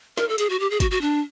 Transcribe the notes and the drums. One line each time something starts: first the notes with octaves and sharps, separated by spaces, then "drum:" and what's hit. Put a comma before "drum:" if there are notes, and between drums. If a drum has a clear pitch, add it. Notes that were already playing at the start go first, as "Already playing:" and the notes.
A#4, drum: snare
A4
G#4, drum: hi-hat
F#4
G4
G#4
F#4, drum: kick, hi-hat
F#4
D4